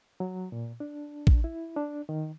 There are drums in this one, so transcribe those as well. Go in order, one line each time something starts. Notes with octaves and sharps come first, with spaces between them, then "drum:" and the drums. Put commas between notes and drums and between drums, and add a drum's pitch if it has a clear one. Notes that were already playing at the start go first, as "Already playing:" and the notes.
F#3
A#2
D4
drum: kick
E4
D4
D#3